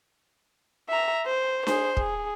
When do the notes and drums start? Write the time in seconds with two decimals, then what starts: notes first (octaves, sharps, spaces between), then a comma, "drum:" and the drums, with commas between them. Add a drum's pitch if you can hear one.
0.89 E5 A#5
1.26 C5
1.67 G#4 C5, drum: snare D4
1.97 G#4, drum: kick